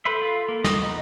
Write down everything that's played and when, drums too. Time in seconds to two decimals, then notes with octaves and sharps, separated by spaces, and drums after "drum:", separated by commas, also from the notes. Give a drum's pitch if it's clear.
0.05 A4 B4 C5 E5
0.22 F4
0.48 A#3
0.64 D#5, drum: snare
0.82 B3 D#4 D#5